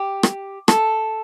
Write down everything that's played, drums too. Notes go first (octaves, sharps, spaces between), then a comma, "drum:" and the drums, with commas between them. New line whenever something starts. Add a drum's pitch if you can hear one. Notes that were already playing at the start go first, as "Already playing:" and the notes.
Already playing: G4
drum: rim click
A4, drum: rim click